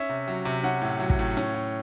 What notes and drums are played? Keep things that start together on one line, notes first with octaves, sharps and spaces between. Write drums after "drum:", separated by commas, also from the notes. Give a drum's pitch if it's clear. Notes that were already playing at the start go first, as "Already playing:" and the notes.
Already playing: C#4 E5
C3
F#3
C3
C#4 F#5
A2
F#3
drum: kick
A2
C#4, drum: hi-hat
A2